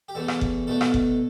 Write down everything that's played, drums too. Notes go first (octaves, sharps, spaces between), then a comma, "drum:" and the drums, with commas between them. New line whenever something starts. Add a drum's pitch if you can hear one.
G4
E2 B2 A3 A4
drum: rim click
drum: kick F#1
B2 A3 D4 A4
drum: rim click
drum: kick F#1